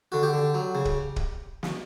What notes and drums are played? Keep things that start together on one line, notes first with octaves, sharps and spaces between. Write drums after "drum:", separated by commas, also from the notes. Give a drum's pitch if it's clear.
D3 F#4
G4
D3
F#3
C#3
drum: kick
drum: kick
drum: snare